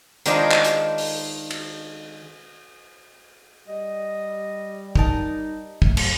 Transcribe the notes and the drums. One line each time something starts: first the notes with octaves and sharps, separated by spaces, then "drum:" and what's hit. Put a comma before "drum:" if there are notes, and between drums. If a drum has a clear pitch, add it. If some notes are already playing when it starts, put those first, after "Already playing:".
D#3 G#3 D4 D#4 F4 C5, drum: hi-hat
drum: clap
drum: hi-hat
drum: open hi-hat
drum: cymbal
G3 D#5
D#4 A#4 D#5 A5, drum: kick
A#1 F#2 A3, drum: kick
drum: cymbal